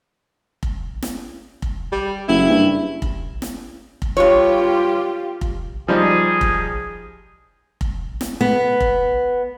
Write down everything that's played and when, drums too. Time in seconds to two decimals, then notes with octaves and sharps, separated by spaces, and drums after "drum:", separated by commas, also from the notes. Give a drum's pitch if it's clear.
0.63 drum: kick F1
1.02 drum: snare
1.62 drum: kick F1
1.92 G3
2.28 F#1 E4
2.50 G2
3.02 drum: kick F1
3.42 drum: snare
4.02 drum: kick F1
4.17 G2 F4 G4 C#5
5.41 drum: kick F1
5.88 F3 G3 D#4 G#4
6.41 drum: kick F1
7.81 drum: kick F1
8.21 drum: snare
8.41 B3
8.80 drum: kick F1